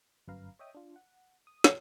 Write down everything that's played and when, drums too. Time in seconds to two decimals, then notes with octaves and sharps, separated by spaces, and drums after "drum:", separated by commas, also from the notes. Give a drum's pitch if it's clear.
0.28 G1 F#2 B4 F5 A#5
0.59 C#5 D#5 E5 G5 D#6
0.75 D4 F4
0.96 F#5
1.47 D#6
1.64 F#2 A#2 D3 F3 F#3, drum: snare